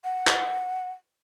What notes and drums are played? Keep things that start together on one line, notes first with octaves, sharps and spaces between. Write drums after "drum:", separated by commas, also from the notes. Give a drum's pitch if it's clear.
F#5
drum: clap